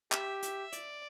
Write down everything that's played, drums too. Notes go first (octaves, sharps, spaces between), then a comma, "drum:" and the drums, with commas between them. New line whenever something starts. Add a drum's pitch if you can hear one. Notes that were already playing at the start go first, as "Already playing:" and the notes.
G4 E5, drum: clap
E5, drum: hi-hat
D5, drum: hi-hat